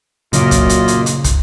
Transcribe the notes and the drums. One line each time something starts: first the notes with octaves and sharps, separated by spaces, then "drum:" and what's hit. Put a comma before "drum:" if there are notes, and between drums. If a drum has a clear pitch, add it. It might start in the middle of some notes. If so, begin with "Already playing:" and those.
F#2 A#2 C#3 F4 D#5, drum: hi-hat
drum: kick, hi-hat
drum: hi-hat
drum: hi-hat
drum: hi-hat
drum: kick, hi-hat